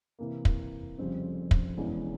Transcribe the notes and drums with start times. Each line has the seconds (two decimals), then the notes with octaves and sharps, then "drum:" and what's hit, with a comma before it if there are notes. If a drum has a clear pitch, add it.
0.19 C3 E3 A#3
0.45 drum: kick
0.98 F1 F2 C#3 G3 C4
1.51 drum: kick
1.77 E1 E2 E3 G#3 C#4